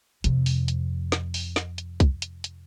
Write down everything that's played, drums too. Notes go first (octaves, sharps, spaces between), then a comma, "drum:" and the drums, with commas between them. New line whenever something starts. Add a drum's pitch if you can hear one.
F2 C3, drum: hi-hat
drum: open hi-hat
drum: hi-hat
drum: snare
drum: open hi-hat
drum: snare
drum: hi-hat
drum: kick C2, hi-hat
drum: hi-hat
drum: hi-hat